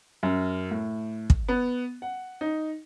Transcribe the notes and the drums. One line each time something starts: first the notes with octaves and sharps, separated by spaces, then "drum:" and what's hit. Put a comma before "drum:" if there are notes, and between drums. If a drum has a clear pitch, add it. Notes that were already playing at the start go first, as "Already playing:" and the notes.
F#2
A2
drum: kick
B3
F#5
D#4